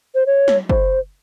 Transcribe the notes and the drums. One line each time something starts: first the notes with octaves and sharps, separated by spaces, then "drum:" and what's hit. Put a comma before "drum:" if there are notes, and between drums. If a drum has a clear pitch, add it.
C5
C#5
drum: snare
C5, drum: kick